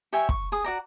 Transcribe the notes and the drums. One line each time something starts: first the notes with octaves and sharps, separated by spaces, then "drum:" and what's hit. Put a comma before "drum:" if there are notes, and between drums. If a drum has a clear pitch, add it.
G4 C#5 E5 G#5
C#6, drum: kick
G#4 D#6
F#4 D5 A#5